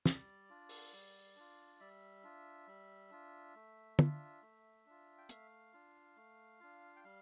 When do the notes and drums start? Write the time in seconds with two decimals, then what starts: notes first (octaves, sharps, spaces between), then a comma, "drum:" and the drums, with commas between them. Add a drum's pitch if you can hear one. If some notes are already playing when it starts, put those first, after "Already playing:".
0.06 G3 D5, drum: snare
0.50 D4 F4
0.69 drum: open hi-hat
0.93 G3
1.36 D4 F4
1.80 G3 E5
2.24 D4 F4
2.67 G3
3.11 D4 F4
3.55 A3
3.99 D4 F4, drum: tom
4.42 A3
4.86 D4 F4
5.18 G5
5.29 A3 F5, drum: hi-hat
5.73 D4 F4
6.17 A3
6.60 D4 F4
6.96 G5
7.04 G3 F5